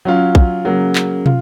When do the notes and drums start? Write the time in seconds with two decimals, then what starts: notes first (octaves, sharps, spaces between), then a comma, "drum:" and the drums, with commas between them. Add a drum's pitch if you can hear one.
0.05 F#3 C#4 F4
0.35 drum: kick
0.65 C#3 F#3 A#3
0.95 drum: clap
1.26 F4, drum: tom